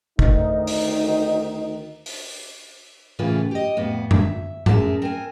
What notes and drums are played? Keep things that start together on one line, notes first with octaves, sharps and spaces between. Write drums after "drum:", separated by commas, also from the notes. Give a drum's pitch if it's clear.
D2 D#3 D#4, drum: kick
drum: open hi-hat
drum: open hi-hat
A2 C#3 E3 A#3 E4 F4
G4 D#5
F2 A2 B3
E5, drum: tom F#2
F#2 A3 G#4 A#4 E5 A5, drum: tom G#2
C4 A#4 G#5